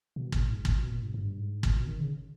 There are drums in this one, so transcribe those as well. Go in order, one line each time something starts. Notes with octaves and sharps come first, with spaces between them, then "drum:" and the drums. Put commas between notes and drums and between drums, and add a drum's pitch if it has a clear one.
B2
A#2, drum: kick
G#2
A#2, drum: kick
B2
A#2
G2
G2
G#2
A#2, drum: kick
B2
D#3
C#3